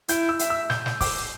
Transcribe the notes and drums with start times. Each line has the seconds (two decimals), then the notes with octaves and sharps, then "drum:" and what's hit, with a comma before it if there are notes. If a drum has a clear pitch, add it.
0.08 E4 G6, drum: hi-hat
0.29 E6
0.39 E5, drum: hi-hat
0.50 E6
0.70 G6, drum: snare
0.86 drum: snare
1.01 D6, drum: kick, open hi-hat